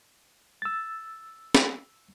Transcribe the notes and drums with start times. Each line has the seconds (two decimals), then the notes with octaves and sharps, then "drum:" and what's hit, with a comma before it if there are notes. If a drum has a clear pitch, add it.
0.62 E6 A6
1.55 drum: snare